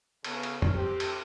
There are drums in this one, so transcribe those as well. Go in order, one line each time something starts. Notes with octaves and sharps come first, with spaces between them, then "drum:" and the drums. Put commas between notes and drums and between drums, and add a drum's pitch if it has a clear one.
C#3 B3, drum: cymbal
drum: cymbal
drum: tom
C4 G4
drum: cymbal